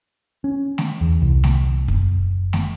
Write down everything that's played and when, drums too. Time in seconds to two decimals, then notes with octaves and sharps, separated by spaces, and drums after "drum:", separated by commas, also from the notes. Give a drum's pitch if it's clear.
0.44 C#4
0.78 drum: snare
1.01 E2
1.22 C2
1.44 drum: snare
1.88 F#1, drum: kick
2.53 drum: snare